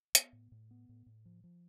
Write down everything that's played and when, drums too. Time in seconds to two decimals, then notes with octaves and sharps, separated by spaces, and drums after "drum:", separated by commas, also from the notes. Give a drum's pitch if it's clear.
0.15 B3, drum: hi-hat
0.33 A2
0.52 A2
0.71 B3
0.89 A2
1.06 A2
1.25 F3
1.44 F3